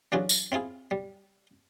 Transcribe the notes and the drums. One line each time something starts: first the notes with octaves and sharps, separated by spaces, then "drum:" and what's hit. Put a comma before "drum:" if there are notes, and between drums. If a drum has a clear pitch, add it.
E3 F#3 D4 F4 F#4 G#4
drum: tambourine
C4 E4 F4 G#4
G3